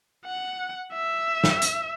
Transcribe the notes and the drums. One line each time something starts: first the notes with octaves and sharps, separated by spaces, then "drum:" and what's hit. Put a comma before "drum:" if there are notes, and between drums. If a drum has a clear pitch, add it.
F#5
E5
drum: snare
drum: hi-hat